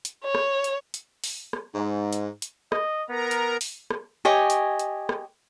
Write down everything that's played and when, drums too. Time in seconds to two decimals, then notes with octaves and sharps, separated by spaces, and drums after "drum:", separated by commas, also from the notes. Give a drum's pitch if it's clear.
0.05 drum: hi-hat
0.23 C#5
0.35 drum: rim click
0.64 drum: hi-hat
0.94 drum: hi-hat
1.24 drum: open hi-hat
1.53 drum: rim click
1.74 G#2
2.13 drum: hi-hat
2.42 drum: hi-hat
2.72 D#5, drum: rim click
3.09 B3 A#4 A#5
3.31 drum: hi-hat
3.61 drum: open hi-hat
3.90 drum: rim click
4.25 G4 C#5 D#5 G#5
4.50 drum: hi-hat
4.79 drum: hi-hat
5.09 drum: rim click